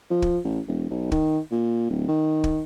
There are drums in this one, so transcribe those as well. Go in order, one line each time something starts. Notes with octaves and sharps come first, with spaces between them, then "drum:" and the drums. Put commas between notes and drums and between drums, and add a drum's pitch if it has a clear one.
F3
drum: kick
A1
E1
B1
D#3, drum: kick
A#2
D1
D#3
drum: kick